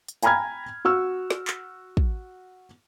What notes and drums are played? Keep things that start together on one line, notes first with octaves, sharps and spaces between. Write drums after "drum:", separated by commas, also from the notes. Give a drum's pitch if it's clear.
drum: hi-hat
G5 G#5 A#5 B5 F6 G#6, drum: hi-hat
F#4 C#6 E6 F6
drum: snare
drum: clap
drum: kick